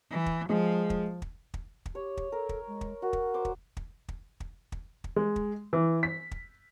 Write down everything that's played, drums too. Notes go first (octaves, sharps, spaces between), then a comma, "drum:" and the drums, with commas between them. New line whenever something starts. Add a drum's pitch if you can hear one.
E3
drum: kick
F3 G#3
drum: kick
drum: kick
drum: kick
drum: kick
G4 C#5
drum: kick
A4 A#4
drum: kick
G#3
drum: kick
F#4 A#4
drum: kick
C5 D6
drum: kick
drum: kick
drum: kick
drum: kick
drum: kick
drum: kick
G#3
drum: kick
E3
B6
drum: kick